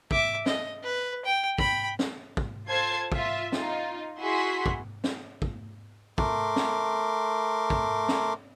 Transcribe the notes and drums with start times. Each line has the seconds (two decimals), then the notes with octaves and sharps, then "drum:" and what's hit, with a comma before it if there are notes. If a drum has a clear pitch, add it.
0.11 E5 D6, drum: kick
0.46 D#5, drum: snare
0.83 B4
1.25 G5
1.59 G5 B5, drum: kick
1.99 drum: snare
2.37 drum: kick
2.67 F4 A4 C5 A5 G#6 C7
3.12 F4 E5, drum: kick
3.52 D#4 F4, drum: snare
4.19 E4 F#4 G#4 C6 B6
4.66 drum: kick
5.04 drum: snare
5.42 drum: kick
6.18 A3 A#4 C6 D6, drum: kick
6.56 drum: snare
7.70 drum: kick
8.08 drum: snare